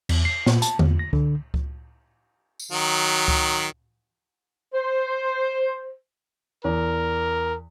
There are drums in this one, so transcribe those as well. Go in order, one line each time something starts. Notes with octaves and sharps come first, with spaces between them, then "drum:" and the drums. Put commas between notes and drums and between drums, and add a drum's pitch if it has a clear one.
E2, drum: cymbal
C7
A#2, drum: snare
A5, drum: hi-hat
E2, drum: tom D3
A#6
D3, drum: kick C#2
drum: kick C#2
drum: tambourine
D#3 F#3
drum: kick C#2
C5
E2 A#4